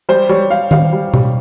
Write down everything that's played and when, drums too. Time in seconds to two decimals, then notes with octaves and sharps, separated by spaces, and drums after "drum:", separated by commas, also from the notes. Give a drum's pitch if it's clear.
0.09 G3 C5
0.29 G3 C#5
0.50 G3 F5
0.71 G3 F5, drum: tom D#3
0.93 G3
1.14 G3, drum: tom B2